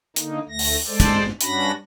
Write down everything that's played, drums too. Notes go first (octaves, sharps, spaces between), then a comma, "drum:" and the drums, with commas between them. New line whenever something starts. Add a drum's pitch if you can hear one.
D3 A#3 D#4, drum: hi-hat
D2 A3 A#6
drum: open hi-hat
G#3 A4 C5 D5
drum: kick, hi-hat
G2 C#4 D4 F#4 B5 A#6, drum: hi-hat